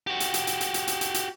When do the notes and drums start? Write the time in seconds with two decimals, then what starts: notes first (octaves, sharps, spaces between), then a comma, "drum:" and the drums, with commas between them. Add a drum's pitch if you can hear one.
0.07 F#4 G4
0.20 drum: hi-hat
0.34 drum: hi-hat
0.47 drum: hi-hat
0.61 drum: hi-hat
0.74 drum: hi-hat
0.88 drum: hi-hat
1.01 drum: hi-hat
1.14 drum: hi-hat